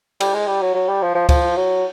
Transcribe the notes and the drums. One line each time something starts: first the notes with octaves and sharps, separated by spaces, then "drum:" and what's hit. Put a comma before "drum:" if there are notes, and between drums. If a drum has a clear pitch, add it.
G3, drum: cymbal
G#3
G3
F#3
F#3
G3
F3
F3
F3, drum: kick C#2, cymbal
F#3